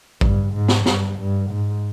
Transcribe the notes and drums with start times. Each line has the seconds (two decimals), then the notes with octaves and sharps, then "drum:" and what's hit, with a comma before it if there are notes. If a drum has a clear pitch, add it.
0.21 G2, drum: kick A1
0.54 G#2
0.68 drum: snare
0.86 G2, drum: snare
1.18 G2
1.51 G#2